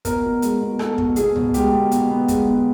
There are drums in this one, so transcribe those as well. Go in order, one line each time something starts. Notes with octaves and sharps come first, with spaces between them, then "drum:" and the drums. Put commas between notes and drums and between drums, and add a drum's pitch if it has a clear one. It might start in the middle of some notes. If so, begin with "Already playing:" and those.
B2 A#4, drum: kick, hi-hat
B2
G#3, drum: hi-hat
B2
B2 A4, drum: rim click
B2, drum: kick
B2 G#4, drum: hi-hat
B2, drum: tom
G#3 G4, drum: hi-hat
B2
B2, drum: hi-hat
B3
G#3, drum: kick, hi-hat
B3